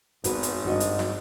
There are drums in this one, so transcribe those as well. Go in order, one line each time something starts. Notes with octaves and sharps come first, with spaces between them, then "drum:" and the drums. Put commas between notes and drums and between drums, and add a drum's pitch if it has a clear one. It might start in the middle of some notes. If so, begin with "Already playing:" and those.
G#1 B3 F#4 B4, drum: hi-hat
drum: hi-hat
G2 F#4 D#5
drum: hi-hat
drum: snare